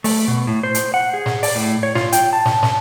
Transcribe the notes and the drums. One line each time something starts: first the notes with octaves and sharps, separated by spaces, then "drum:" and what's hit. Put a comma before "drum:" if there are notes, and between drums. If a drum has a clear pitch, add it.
A3, drum: open hi-hat
B2
A2
C5
drum: hi-hat
F#5
G#4
drum: snare
D5, drum: open hi-hat
A2
C#5
F4, drum: snare
G5, drum: hi-hat
A5
drum: snare
drum: snare